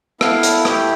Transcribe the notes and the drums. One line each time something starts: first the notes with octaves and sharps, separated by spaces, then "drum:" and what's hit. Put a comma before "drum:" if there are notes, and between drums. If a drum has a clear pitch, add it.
B3 E4 A4 F5, drum: rim click
drum: hi-hat
A3 E4 G4, drum: rim click